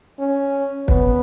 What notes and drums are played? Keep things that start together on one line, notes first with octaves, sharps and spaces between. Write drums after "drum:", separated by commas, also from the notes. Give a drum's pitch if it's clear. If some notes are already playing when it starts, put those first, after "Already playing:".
C#4
B3, drum: kick